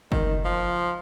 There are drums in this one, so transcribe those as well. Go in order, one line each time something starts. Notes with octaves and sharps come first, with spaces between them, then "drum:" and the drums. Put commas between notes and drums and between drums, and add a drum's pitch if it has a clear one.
D#3, drum: kick F#1
F3